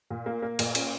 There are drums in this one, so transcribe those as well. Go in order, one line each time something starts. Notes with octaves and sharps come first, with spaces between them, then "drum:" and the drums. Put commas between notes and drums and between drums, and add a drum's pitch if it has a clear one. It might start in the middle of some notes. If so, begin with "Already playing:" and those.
A#2
A#3
A#3
A#2, drum: cymbal
C#4, drum: cymbal